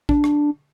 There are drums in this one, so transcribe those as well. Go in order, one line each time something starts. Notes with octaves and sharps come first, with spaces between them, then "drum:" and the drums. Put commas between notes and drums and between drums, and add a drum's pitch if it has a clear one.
D4, drum: kick
drum: rim click